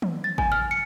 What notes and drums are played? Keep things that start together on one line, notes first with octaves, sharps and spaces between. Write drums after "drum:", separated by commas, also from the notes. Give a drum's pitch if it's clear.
drum: tom
A6
G#5, drum: kick
F6
C#7